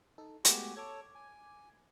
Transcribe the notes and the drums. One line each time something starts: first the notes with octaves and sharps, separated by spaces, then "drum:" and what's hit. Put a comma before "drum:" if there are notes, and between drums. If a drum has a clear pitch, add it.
D#4 A4
G#3 A3 B3 F#4 G4 G#5, drum: hi-hat
A4 C#5 D6 G#6
G#5